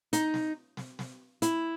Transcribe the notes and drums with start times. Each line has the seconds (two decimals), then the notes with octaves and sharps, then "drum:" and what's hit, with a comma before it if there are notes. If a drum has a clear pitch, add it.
0.13 D#4, drum: hi-hat
0.34 drum: snare
0.77 drum: snare
0.99 drum: snare
1.42 E4, drum: hi-hat